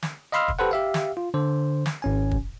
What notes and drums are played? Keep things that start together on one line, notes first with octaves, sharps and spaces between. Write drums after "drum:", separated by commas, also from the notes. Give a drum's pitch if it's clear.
drum: snare
D#5 F5 B5 C6 E6 F6
drum: kick
G4 A4 B4 C5 F#5
G4 E5 F5
drum: snare
F4
D3 C5
drum: snare
G#1 C#4 G#5
drum: kick